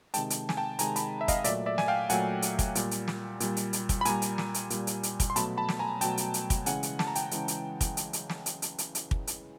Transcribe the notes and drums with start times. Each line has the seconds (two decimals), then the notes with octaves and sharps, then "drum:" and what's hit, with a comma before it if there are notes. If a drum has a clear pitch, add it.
0.14 C3 D#3 G#3 G5 A5, drum: hi-hat
0.30 drum: hi-hat
0.49 G#5, drum: snare
0.57 G5 A5
0.79 C3 D#3 G#3 G#5 A#5, drum: hi-hat
0.96 A5 B5, drum: hi-hat
1.21 E5
1.28 D#5 F5, drum: kick, hi-hat
1.44 A#2 F#3 A3 D5 E5, drum: hi-hat
1.66 D5 E5
1.78 G#5, drum: snare
1.88 F5 G5
2.10 A#2 F#3 A3 F#5 G#5, drum: hi-hat
2.42 drum: hi-hat
2.59 drum: kick, hi-hat
2.75 A#2 G3, drum: hi-hat
2.91 drum: hi-hat
3.08 drum: snare
3.40 A#2 G3, drum: hi-hat
3.57 drum: hi-hat
3.73 drum: hi-hat
3.89 drum: kick, hi-hat
4.01 B5
4.05 A#2 G3 G#5 A#5, drum: hi-hat
4.22 drum: hi-hat
4.38 drum: snare
4.54 drum: hi-hat
4.70 A#2 G3, drum: hi-hat
4.87 drum: hi-hat
5.03 drum: hi-hat
5.20 drum: kick, hi-hat
5.30 C6
5.36 B2 F#3 A3 A5 B5, drum: hi-hat
5.57 A5 B5
5.69 drum: snare
5.79 G#5 A#5
6.01 B2 F#3 A3 G5 A5, drum: hi-hat
6.17 drum: hi-hat
6.34 drum: hi-hat
6.50 drum: kick, hi-hat
6.66 C#3 E3 G#3 F#5 G#5, drum: hi-hat
6.83 drum: hi-hat
6.99 A5, drum: snare
7.07 A#5
7.15 G5 A5, drum: hi-hat
7.31 C#3 E3 G#3, drum: hi-hat
7.48 drum: hi-hat
7.81 drum: kick, hi-hat
7.97 drum: hi-hat
8.13 drum: hi-hat
8.30 drum: snare
8.46 drum: hi-hat
8.62 drum: hi-hat
8.78 drum: hi-hat
8.95 drum: hi-hat
9.11 drum: kick
9.27 drum: hi-hat